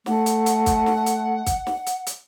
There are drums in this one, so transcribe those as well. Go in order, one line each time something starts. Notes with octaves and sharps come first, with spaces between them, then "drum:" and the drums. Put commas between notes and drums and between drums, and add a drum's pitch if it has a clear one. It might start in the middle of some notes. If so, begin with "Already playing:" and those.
A3 F#5, drum: snare
drum: hi-hat
drum: hi-hat
drum: kick, hi-hat
drum: snare
drum: hi-hat
drum: kick, hi-hat
drum: snare
drum: hi-hat
drum: hi-hat